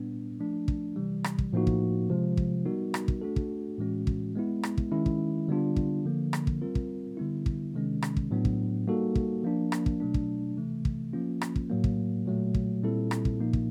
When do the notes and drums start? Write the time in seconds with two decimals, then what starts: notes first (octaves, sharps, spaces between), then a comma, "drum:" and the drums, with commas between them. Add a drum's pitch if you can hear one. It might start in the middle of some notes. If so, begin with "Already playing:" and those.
Already playing: A#2 G3 B3 D4
0.40 F3 A3 D4
0.68 drum: kick
0.96 C3 E3 G3
1.24 drum: rim click
1.39 drum: kick
1.53 A2 F3 A#3 D#4 F#4
1.67 drum: kick
2.10 C3 F3 G#3
2.37 drum: kick
2.65 G3 B3 D#4 F#4 A#4
2.94 drum: rim click
3.08 drum: kick
3.22 A3 D4 F#4 A4
3.36 drum: kick
3.78 A2 E3 G#3 C#4 F#4
4.07 drum: kick
4.35 G#3 B3 E4
4.63 drum: rim click
4.78 drum: kick
4.91 D#3 G#3 C#4 E4
5.06 drum: kick
5.48 D3 G3 B3 D4 F4
5.76 drum: kick
6.05 D3 F3 A#3
6.33 drum: rim click
6.47 drum: kick
6.62 G3 C4 F4 A#4
6.75 drum: kick
7.17 D3 G3 B3 E4
7.46 drum: kick
7.74 C3 D#3 G#3 C#4
8.02 drum: rim click
8.17 drum: kick
8.31 A2 F#3 B3 D4
8.45 drum: kick
8.87 G3 A#3 D#4 F#4 A4
9.15 drum: kick
9.44 F3 A#3 D4
9.72 drum: rim click
9.86 drum: kick
10.00 B2 F#3 A3 D4
10.14 drum: kick
10.57 C3 E3 A3
10.85 drum: kick
11.13 F3 A#3 C#4 F4
11.41 drum: rim click
11.56 drum: kick
11.70 A2 F#3 A#3
11.84 drum: kick
12.26 A#2 F#3 A3
12.54 drum: kick
12.83 A#2 G3 C4 E4 A4
13.11 drum: rim click
13.25 drum: kick
13.39 A#2 F3 A#3 D#4
13.53 drum: kick